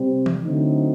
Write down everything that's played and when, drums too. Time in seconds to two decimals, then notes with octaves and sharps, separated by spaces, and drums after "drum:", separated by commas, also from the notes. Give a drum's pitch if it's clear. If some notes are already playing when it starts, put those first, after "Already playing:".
Already playing: C3 G3 C4
0.26 drum: tom E3
0.43 D3 F#3 A3 C4 D#4